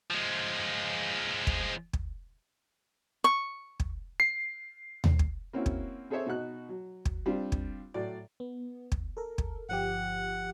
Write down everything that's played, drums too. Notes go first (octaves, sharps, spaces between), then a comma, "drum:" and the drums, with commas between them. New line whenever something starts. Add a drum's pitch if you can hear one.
F3 G#3
drum: kick
drum: kick
C#6
drum: kick
C7
drum: tom D#2
drum: kick
A#3 C4 C#4 E4 F#4
drum: kick
C4 G#4 A4 C5 C#5 E5
B2 D#4 F#4 F#6
F#3
drum: kick
G3 C4 D4 F4
drum: kick
A2 F#3 D5
B3
drum: kick
A4 A#4
drum: kick
G1 F3 G4 F#5